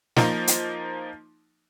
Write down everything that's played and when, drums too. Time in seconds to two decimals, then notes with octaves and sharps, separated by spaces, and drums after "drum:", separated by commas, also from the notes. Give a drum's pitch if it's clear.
0.16 F3 A#3 D#4, drum: snare
0.47 drum: hi-hat